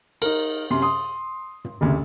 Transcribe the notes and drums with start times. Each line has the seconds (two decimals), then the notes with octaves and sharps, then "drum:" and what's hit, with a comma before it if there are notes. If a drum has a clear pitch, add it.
0.22 D#4 A#4, drum: cymbal
0.70 F#2 C3 C6
0.82 C6 D#6
1.65 drum: tom
1.81 F#1 D2 C3